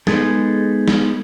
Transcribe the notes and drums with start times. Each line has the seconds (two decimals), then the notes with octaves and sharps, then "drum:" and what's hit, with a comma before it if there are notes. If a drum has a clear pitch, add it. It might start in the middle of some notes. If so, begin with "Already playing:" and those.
0.07 G#3 B3 D#4 G#4 A4, drum: snare
0.88 drum: snare